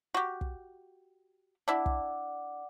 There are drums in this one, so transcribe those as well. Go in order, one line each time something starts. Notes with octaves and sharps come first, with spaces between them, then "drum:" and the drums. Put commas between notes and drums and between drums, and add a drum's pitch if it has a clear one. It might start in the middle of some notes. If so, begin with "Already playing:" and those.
F#4 G4
drum: kick
D4 E4 D5 F#5 D6
drum: kick